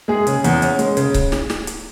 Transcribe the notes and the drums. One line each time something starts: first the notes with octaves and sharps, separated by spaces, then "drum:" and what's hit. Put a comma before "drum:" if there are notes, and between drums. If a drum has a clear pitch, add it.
G#3 G#4
C#3, drum: hi-hat
E2, drum: hi-hat
C#4, drum: hi-hat
G#3, drum: hi-hat
C#3, drum: hi-hat
drum: kick C#1, hi-hat
drum: snare
drum: snare
drum: hi-hat